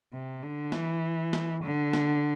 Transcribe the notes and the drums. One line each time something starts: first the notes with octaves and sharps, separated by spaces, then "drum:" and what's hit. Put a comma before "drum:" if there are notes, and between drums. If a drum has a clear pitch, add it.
C3
D3
E3, drum: snare
drum: snare
D3
drum: snare